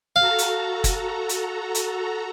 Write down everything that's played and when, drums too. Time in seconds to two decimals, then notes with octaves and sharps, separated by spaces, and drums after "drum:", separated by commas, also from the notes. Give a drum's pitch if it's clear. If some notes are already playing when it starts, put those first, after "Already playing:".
0.16 F#4 A4 F5 A#5
0.38 drum: hi-hat
0.84 drum: kick, hi-hat
1.29 drum: hi-hat
1.75 drum: hi-hat